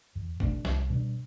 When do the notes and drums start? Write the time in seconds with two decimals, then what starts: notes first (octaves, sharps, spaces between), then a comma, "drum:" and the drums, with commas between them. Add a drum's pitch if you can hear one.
0.15 E2
0.40 B2 A3 D4, drum: kick
0.65 C2, drum: snare
0.90 B2 G3 D4